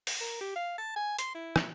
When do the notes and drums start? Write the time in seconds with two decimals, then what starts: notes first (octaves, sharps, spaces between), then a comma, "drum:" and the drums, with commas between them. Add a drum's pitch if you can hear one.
0.07 drum: open hi-hat
0.20 A#4
0.41 G4
0.56 F5
0.78 A5
0.96 G#5
1.19 C6, drum: hi-hat
1.35 E4
1.56 drum: rim click